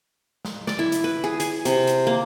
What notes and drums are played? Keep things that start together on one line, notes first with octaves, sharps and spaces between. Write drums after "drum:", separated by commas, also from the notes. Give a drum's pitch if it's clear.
drum: snare
D5, drum: snare
E4
drum: hi-hat
B4
G#4
G#4, drum: hi-hat
C3, drum: hi-hat
drum: hi-hat
A#3